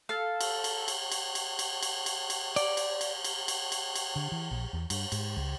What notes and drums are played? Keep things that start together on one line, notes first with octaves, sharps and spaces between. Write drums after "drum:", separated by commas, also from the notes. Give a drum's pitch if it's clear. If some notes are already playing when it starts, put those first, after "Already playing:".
A4 F5
drum: cymbal
drum: cymbal
drum: cymbal
drum: cymbal
drum: cymbal
drum: cymbal
drum: cymbal
drum: cymbal
drum: cymbal
D5, drum: cymbal
drum: cymbal
drum: cymbal
drum: cymbal
drum: cymbal
drum: cymbal
drum: cymbal
D3
E3
A#1
E2
G2, drum: cymbal
G#2, drum: cymbal
C#2